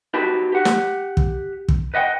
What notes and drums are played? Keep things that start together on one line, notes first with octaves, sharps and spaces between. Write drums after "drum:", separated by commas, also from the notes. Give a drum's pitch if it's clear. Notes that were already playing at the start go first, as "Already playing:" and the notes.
D#4 F#4 G4 B4 G5 A5
G4 F#5
drum: snare
drum: kick
drum: kick
B4 D#5 F#5 G5